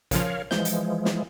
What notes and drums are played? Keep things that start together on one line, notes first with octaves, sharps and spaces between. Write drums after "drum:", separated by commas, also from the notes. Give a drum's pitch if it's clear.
A#1 C#3 F3 A#4 C#5 F5, drum: hi-hat
E3 F3 G#3 G6, drum: snare
drum: hi-hat
drum: snare